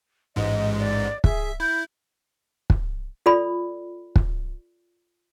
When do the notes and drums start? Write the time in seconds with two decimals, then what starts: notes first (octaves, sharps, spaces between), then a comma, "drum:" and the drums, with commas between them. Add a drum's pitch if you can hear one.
0.36 A1 G#2 G#3 D#5
0.79 D5
1.24 G#4 E5, drum: kick
1.60 E4 G6
2.70 drum: kick
3.26 F4 A4 D5 B5
4.16 drum: kick